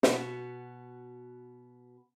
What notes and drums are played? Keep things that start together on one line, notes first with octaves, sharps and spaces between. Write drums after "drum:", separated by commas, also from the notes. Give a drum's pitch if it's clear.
B2 B3 F#4, drum: snare